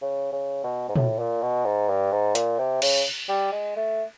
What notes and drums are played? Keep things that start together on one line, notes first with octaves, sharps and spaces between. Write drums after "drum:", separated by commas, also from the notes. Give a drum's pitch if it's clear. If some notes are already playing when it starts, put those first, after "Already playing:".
C#3
C#3
B2
G#2
A2, drum: tom A#2
A#2
B2
G#2
G2
G#2
A#2, drum: hi-hat
C3
C#3, drum: cymbal
G3
G#3
A3